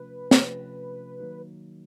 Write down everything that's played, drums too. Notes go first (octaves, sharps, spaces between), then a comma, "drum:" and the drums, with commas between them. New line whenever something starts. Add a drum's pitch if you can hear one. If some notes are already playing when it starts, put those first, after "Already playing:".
Already playing: C3 F3 A3 C#4 F4 B4
C3 F3 A3 C#4 F4, drum: snare
D#3 F#3 A#3 D#4 F#4